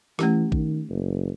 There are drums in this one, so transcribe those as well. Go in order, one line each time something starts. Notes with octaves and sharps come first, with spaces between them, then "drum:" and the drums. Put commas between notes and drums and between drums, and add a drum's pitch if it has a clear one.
E3 A3 C#4 G4, drum: rim click
D#3, drum: kick A#1
F#1